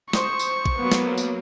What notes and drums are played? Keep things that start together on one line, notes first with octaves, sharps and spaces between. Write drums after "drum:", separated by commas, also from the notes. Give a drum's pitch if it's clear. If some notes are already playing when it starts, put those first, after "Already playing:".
C5 C#6 D#6, drum: snare
drum: tambourine
drum: kick
F#3 A#3 B3
drum: snare
drum: tambourine